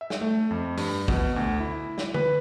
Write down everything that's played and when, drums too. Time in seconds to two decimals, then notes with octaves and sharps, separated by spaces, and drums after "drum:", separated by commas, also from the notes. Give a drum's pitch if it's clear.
0.01 E5
0.10 drum: snare
0.21 A3
0.51 F2
0.77 G2, drum: open hi-hat
1.08 B2, drum: kick
1.36 D2
1.60 E4
1.98 drum: snare
2.14 B4, drum: tom